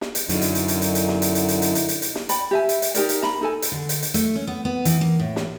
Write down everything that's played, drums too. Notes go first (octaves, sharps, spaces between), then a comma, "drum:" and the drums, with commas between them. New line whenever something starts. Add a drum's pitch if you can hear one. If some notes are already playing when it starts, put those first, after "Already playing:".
drum: snare
drum: hi-hat
F#2 D3 D#4 E4, drum: hi-hat
drum: hi-hat
drum: hi-hat
drum: hi-hat
drum: hi-hat
drum: hi-hat
drum: snare
drum: hi-hat
drum: hi-hat
drum: hi-hat
drum: hi-hat
drum: hi-hat
drum: hi-hat
drum: hi-hat
drum: snare
D5 G5 B5, drum: hi-hat
G4 E5 G#5
drum: hi-hat
drum: hi-hat
D#4 G4 A#4 D5, drum: hi-hat
drum: hi-hat
A#5 B5, drum: snare
D#4 A4 G#5
drum: hi-hat
D3
drum: hi-hat
drum: hi-hat
A3, drum: hi-hat
C#4
B3
B3
E3, drum: hi-hat
A#3
A2
drum: snare